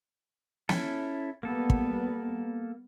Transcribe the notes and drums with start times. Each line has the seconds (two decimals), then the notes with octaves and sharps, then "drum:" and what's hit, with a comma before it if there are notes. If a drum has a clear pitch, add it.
0.69 C#4 E4 A4, drum: snare
1.43 G3 A#3 B3 A4
1.70 drum: kick